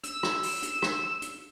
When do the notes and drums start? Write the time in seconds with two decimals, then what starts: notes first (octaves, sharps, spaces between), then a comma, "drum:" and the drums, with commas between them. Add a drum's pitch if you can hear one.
0.03 E6, drum: hi-hat
0.23 drum: rim click
0.43 drum: open hi-hat
0.63 drum: hi-hat
0.82 drum: rim click
1.22 drum: hi-hat